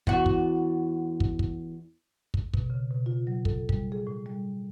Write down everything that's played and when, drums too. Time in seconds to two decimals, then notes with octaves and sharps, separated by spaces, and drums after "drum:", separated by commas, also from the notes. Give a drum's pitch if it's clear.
0.07 E2 F#4, drum: kick
0.26 drum: kick
1.20 drum: kick
1.39 drum: kick
2.34 drum: kick
2.54 B2, drum: kick
2.70 C#3
2.91 B2
3.06 F4
3.27 F#3
3.45 A4, drum: kick
3.69 G3, drum: kick
3.92 G#4
4.07 A2
4.26 G3